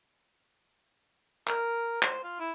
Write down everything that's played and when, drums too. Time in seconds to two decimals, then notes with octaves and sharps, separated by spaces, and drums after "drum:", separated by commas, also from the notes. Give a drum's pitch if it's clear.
1.47 A#4, drum: clap
2.03 C5, drum: clap
2.23 F4
2.39 E4